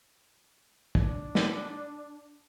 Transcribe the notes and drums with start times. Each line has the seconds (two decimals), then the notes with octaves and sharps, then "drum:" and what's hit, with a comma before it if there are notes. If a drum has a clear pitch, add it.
0.95 D4, drum: kick
1.35 drum: snare